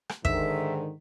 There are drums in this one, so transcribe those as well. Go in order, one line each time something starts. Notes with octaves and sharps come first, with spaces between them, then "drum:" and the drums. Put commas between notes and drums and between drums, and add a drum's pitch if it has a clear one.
drum: rim click
G#2 D3 D#3 E5, drum: kick